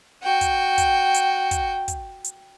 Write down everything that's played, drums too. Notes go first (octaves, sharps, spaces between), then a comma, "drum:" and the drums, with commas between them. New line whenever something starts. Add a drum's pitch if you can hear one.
F#4 G5
drum: kick, hi-hat
drum: kick, hi-hat
drum: hi-hat
drum: kick, hi-hat
drum: kick, hi-hat
drum: hi-hat